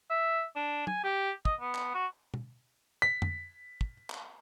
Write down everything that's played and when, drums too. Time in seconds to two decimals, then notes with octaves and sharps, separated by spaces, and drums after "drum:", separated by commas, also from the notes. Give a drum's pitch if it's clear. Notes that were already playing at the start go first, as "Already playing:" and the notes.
0.10 E5
0.56 D4
0.87 G#5, drum: tom
1.04 G4
1.45 D#5, drum: kick
1.61 B3
1.75 drum: clap
1.94 F#4
2.34 drum: tom
3.02 B6
3.22 drum: tom F2
3.81 drum: kick
4.10 drum: clap